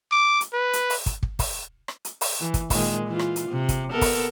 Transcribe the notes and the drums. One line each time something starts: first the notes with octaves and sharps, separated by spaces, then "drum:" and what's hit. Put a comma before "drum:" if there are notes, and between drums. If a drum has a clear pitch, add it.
D6
drum: hi-hat
B4
drum: hi-hat
drum: open hi-hat
drum: kick, hi-hat
drum: kick
drum: kick, open hi-hat
drum: rim click
drum: hi-hat
drum: open hi-hat
E3
drum: kick, hi-hat
A#2 D#3 G#3, drum: kick, open hi-hat
E3 F4
drum: rim click
drum: hi-hat
C3
drum: kick, hi-hat
B3 A4 A#4
drum: kick, open hi-hat